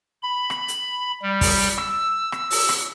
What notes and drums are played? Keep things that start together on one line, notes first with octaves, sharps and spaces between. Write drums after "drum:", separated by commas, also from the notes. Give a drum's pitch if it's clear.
B5
drum: rim click
drum: hi-hat
G3
drum: kick, open hi-hat
E6, drum: rim click
drum: rim click
drum: open hi-hat
drum: rim click